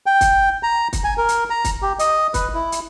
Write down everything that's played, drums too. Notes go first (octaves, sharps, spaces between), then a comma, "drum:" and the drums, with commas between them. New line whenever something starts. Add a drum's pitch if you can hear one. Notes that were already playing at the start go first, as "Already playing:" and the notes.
G5
drum: kick, hi-hat
A#5
drum: kick, hi-hat
G#5
A#4
drum: hi-hat
A#5
drum: kick, hi-hat
G4
D#5, drum: hi-hat
B4, drum: kick, hi-hat
E4
drum: hi-hat